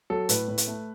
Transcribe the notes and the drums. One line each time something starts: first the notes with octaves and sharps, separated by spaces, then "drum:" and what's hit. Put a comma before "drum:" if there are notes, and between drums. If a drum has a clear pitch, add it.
F#3 A4
A2 B4, drum: hi-hat
A2
drum: hi-hat
A3